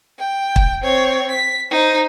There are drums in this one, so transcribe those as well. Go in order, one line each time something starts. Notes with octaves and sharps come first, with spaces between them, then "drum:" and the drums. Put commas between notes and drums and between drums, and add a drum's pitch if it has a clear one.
G5
drum: kick
C4 C#5
B6
D#4 C5